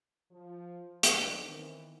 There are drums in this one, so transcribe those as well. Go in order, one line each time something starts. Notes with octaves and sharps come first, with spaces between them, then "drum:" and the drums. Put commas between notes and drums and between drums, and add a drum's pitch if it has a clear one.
F3
D#3 F#3 B3 D4, drum: hi-hat
D#3 E3 B3 C4